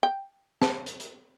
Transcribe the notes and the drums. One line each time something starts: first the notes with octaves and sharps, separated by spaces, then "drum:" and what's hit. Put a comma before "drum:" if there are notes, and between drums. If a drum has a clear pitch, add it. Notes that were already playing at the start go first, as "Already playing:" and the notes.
G5
A5, drum: snare
drum: hi-hat
drum: hi-hat